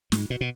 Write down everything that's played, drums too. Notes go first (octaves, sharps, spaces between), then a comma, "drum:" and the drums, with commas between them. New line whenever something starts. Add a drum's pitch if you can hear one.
G#2, drum: snare
B2
B2